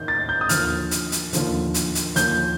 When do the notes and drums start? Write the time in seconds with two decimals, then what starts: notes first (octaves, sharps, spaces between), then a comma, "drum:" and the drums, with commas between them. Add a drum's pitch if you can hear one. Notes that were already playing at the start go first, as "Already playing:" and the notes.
Already playing: D#2 D#3 G6
0.08 A6
0.29 G6
0.41 D#6
0.49 D#2 D3 F3 F6, drum: hi-hat
0.91 drum: hi-hat
1.12 drum: hi-hat
1.33 D#2 D3 F3, drum: hi-hat
1.74 drum: hi-hat
1.95 drum: hi-hat
2.16 D#2 D3 F3 G6, drum: hi-hat